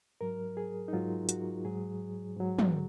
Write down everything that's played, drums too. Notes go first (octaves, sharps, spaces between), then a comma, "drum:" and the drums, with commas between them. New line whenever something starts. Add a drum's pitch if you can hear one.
G#2 F#3 A#4
G#4
D#4
G#2 F#3 F4
F#4, drum: hi-hat
G#2 F#3 G#4
G#2 F#3
drum: tom